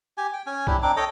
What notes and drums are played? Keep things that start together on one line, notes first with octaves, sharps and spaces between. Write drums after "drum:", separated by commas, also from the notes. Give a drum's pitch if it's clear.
G4 G#5
G5
C#4 G#5
C4 D4 E4 G4, drum: kick B1
C4 D4 D#4 D6
A4 C#5 D#5 G5